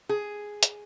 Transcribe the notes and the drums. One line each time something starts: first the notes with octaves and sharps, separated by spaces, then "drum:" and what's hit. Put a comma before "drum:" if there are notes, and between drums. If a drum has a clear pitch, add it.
G#4
drum: hi-hat